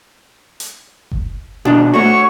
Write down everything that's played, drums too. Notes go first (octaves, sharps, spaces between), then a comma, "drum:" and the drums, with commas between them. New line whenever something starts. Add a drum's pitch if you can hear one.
drum: hi-hat
drum: kick F#1
B2 D4 D#4, drum: tom E4
A3 F#4 C#5 C#6